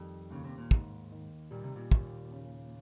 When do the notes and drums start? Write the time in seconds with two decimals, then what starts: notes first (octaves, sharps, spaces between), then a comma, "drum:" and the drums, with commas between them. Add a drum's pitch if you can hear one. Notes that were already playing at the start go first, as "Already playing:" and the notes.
Already playing: F2 D#3 G3
0.30 D#2 C#3
0.44 C3
0.58 A#2
0.71 D#2 G#2, drum: kick
1.12 D#3
1.51 A#2 G3
1.64 C3
1.76 A#2
1.92 D#2, drum: kick
2.32 C#3